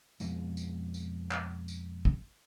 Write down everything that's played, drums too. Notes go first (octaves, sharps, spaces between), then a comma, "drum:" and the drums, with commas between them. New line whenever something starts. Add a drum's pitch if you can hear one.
F2 B2 G#3, drum: tambourine
drum: tambourine
drum: tambourine
drum: clap
drum: tambourine
drum: kick